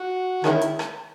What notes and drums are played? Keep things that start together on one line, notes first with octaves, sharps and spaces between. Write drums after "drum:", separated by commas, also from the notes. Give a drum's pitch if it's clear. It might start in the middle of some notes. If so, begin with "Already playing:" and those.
Already playing: F#4
D#3 G#3 C#4 E4, drum: rim click
drum: hi-hat
drum: rim click